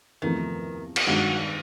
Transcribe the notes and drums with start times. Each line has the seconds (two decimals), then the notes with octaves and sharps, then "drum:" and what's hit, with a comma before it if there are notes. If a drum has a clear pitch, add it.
0.22 E2 C3 D#3 F3 A3
0.96 drum: cymbal
1.07 G2 D#3 F#3 G#3